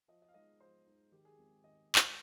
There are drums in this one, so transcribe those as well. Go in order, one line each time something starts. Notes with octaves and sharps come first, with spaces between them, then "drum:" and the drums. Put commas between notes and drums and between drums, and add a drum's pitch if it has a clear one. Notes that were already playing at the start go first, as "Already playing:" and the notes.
F3 D#5
D#5
F5
G#3 D#4 D#5
F3 C5
G#3 D#4
D#3 G4
G#4
G#3 C4 F4
D#3 D#5
drum: clap